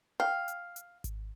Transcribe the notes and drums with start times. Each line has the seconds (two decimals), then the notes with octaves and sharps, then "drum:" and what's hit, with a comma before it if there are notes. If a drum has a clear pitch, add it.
0.20 F5 G5
0.48 drum: hi-hat
0.76 drum: hi-hat
1.04 drum: kick G#1, hi-hat